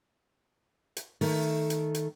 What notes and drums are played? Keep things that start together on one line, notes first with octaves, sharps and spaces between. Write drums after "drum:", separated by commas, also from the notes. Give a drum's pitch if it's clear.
drum: hi-hat
D#3 A3, drum: open hi-hat
drum: hi-hat
drum: hi-hat